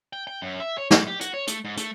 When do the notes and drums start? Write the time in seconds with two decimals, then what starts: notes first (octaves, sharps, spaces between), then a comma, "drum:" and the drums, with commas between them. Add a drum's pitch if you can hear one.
0.13 G5
0.27 G5
0.42 F#2
0.60 E5
0.78 C#5
0.91 G#2, drum: snare
1.08 G4
1.21 F#4, drum: hi-hat
1.34 C#5
1.47 A3, drum: hi-hat
1.65 G#2
1.77 A3, drum: hi-hat